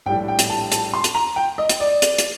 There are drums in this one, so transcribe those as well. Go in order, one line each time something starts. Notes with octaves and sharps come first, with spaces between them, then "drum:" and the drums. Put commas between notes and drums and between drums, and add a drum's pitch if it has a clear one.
A#1 A2 G3 D4 G5
G5
drum: hi-hat
A5
A5, drum: hi-hat
C6
drum: hi-hat
A#5
G5
D#5
drum: hi-hat
D5
drum: hi-hat
drum: hi-hat